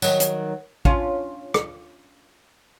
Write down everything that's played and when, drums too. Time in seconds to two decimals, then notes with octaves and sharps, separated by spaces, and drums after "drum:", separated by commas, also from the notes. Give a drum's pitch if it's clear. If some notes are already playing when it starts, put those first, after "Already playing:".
0.02 D#3 F#3, drum: tambourine
0.20 drum: hi-hat
0.85 C#4 F4, drum: kick A1
1.54 drum: rim click